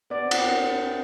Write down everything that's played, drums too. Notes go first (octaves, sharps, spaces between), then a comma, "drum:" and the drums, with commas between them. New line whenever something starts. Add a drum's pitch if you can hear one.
B3 D5
C4
F#5, drum: cymbal
B3